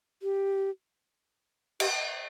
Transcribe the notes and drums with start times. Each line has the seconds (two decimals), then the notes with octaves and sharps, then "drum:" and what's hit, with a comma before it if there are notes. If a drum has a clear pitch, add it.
0.23 G4
1.80 G4, drum: cymbal